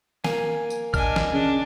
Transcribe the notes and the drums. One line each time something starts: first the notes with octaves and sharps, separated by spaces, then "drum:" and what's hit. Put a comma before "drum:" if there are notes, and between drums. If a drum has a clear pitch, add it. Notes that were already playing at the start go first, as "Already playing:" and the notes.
A#3 G#5, drum: snare
drum: tambourine
D4 D#5 G#5 F6, drum: kick A#1, tambourine
drum: snare
C#3 D4